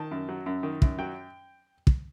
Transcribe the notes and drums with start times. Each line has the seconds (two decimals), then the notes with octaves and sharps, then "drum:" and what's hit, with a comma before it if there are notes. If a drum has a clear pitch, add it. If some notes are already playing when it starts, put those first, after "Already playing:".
Already playing: D#3 A5
0.11 F#2
0.29 F#3
0.46 F#2
0.63 D#3
0.82 F#2, drum: kick
0.99 F#3 G5
1.87 drum: kick